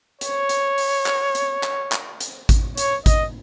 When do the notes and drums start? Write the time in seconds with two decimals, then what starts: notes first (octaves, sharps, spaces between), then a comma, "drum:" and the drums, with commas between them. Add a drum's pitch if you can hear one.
0.21 C#5, drum: hi-hat
0.49 drum: hi-hat
0.78 drum: open hi-hat
1.06 drum: clap
1.35 drum: hi-hat
1.63 drum: clap
1.92 drum: clap
2.20 drum: hi-hat
2.49 drum: kick G#1, hi-hat
2.78 C#5, drum: hi-hat
3.06 D#5, drum: kick G#1, hi-hat